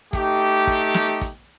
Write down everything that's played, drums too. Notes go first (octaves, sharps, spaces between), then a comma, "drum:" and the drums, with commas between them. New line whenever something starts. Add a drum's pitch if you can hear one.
A3 D#4 G4, drum: kick, hi-hat
drum: kick, hi-hat
drum: snare
drum: kick, hi-hat